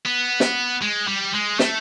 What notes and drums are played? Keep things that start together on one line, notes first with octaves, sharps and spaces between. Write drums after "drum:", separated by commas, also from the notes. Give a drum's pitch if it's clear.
B3
drum: snare
G#3
G3
G#3
A3, drum: snare